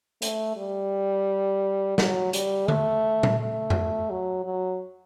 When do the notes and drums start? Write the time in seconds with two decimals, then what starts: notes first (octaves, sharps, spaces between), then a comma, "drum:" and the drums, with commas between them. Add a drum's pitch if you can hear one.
0.22 A3, drum: hi-hat
0.57 G3
1.98 F#3, drum: snare
2.33 G3, drum: hi-hat
2.68 A3, drum: tom D3
3.23 drum: tom A#2
3.40 A3
3.70 drum: tom F2
4.10 F#3
4.45 F#3